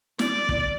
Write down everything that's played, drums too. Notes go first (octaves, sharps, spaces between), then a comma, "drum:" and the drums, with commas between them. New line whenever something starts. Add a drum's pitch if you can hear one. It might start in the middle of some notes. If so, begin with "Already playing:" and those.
D5, drum: snare
drum: kick